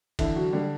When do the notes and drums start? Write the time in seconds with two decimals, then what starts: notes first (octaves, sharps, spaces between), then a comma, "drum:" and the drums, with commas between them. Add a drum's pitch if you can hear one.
0.19 D3 E3 E4, drum: kick, cymbal
0.36 F#3 F#4
0.52 D3 G3 G4